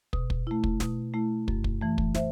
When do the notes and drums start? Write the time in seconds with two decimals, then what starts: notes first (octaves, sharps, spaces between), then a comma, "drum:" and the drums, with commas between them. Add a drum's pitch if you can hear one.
0.13 B2, drum: kick
0.30 drum: kick
0.47 A3 E4
0.64 drum: kick
0.80 B2, drum: snare
1.14 A3 E4
1.48 F#2, drum: kick
1.64 drum: kick
1.81 E3 A3
1.98 drum: kick
2.15 C5 E5, drum: snare